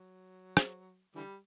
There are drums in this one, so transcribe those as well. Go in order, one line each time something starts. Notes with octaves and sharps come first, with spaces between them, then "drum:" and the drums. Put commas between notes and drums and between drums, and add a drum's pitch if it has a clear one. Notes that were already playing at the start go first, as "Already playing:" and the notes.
Already playing: F#3
drum: rim click
D3 E3 G3